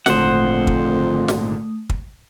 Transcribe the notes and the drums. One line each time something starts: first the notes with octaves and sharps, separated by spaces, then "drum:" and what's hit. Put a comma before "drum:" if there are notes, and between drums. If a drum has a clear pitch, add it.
G#1 F2 A#2 D3 A3 C5 F#5 D#6, drum: snare
drum: kick
drum: snare
drum: kick